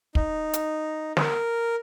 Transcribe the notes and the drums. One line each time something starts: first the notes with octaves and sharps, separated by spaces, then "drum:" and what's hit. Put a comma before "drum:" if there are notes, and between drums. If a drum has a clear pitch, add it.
D#4, drum: kick
drum: hi-hat
A#4, drum: snare